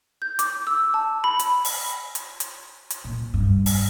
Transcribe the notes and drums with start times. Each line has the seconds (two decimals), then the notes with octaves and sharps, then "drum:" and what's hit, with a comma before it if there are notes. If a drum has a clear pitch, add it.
0.22 G6
0.39 D6, drum: hi-hat
0.67 E6
0.94 A5
1.24 B5
1.39 drum: hi-hat
1.65 drum: open hi-hat
2.15 drum: hi-hat
2.40 drum: hi-hat
2.90 drum: hi-hat
3.04 A#2
3.34 G2
3.66 drum: open hi-hat